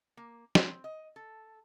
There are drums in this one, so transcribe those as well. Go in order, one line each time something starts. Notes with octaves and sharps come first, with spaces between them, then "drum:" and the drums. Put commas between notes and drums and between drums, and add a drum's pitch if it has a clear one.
A#3
C4, drum: snare
D#5
A4